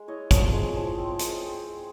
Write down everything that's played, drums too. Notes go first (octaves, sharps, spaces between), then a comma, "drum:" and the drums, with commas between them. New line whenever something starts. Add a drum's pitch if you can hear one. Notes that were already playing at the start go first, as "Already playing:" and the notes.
Already playing: G#3
E4 C#5 D#5
F3 C#5 D#5, drum: kick, hi-hat
G#3
F3
C4
G#3, drum: hi-hat
C4
G#3